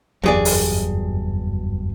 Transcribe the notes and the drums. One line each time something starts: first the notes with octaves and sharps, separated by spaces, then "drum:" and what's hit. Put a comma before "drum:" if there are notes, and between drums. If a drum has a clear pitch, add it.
F#1 E2 G2 F#3 G#4 D5
drum: open hi-hat